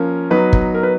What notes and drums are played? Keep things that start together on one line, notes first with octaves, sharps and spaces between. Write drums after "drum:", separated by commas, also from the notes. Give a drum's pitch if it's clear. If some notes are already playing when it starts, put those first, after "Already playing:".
Already playing: F3 A#3 C#4 A#4
F#3 B3 D#4 B4
drum: kick G1
A#4
B4